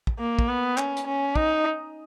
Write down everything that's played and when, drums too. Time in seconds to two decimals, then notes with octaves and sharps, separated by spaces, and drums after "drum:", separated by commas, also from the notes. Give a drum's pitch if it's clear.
0.07 drum: kick
0.19 A#3
0.39 drum: kick
0.48 B3
0.77 C#4, drum: clap
0.97 drum: hi-hat
1.07 C#4
1.36 D#4, drum: kick